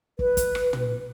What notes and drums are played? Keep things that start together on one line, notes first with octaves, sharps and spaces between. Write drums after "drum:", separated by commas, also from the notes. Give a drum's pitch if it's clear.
B4, drum: kick
drum: kick, hi-hat
drum: rim click
drum: tom